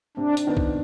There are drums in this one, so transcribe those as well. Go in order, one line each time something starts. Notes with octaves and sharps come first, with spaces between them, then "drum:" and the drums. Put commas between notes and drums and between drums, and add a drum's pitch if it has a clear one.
C3 D4
drum: hi-hat
D#3 B3 D4
drum: kick C2